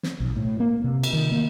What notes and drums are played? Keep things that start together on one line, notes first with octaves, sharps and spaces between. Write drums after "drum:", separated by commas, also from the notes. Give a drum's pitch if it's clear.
drum: snare
B1
A2
A#3
C3
drum: cymbal
D#3
A#3